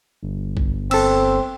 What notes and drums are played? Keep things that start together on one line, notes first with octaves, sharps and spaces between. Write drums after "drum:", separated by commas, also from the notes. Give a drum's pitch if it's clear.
G1
drum: kick
C4 A4 E6, drum: cymbal